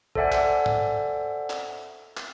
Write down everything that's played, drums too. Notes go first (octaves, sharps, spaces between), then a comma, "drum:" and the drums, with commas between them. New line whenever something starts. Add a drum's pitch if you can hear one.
A4 C5 D5 E5 F#5 G#5, drum: kick B1
drum: clap
drum: tom G#2
drum: clap
drum: clap